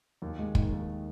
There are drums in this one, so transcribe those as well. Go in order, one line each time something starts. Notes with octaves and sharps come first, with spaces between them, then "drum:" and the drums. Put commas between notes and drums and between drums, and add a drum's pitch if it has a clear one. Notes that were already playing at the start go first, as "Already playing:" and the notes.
D#2
G#3
D#3, drum: kick
D#2